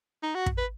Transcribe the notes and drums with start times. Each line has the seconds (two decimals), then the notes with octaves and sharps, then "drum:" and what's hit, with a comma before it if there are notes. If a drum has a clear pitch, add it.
0.23 D#4
0.35 F#4
0.46 drum: kick
0.58 B4